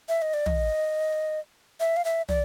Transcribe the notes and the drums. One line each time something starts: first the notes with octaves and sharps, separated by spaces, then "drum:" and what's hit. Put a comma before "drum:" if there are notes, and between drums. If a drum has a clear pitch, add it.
E5
D#5
D5
D#5, drum: tom
E5
F5
E5
D5, drum: tom